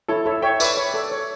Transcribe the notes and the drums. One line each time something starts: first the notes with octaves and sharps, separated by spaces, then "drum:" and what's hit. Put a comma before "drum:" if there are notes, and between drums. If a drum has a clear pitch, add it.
E4 A4 C#5
A4 C#5 E5
C#5 E5 G5
B4 D5 E5, drum: tambourine
C#5
A4
C#5